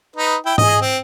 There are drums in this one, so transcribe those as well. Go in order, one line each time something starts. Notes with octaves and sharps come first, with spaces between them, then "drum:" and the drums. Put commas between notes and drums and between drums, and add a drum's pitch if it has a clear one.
D#4 B4
E4 G5
G#4 D#5, drum: tom G#2
C4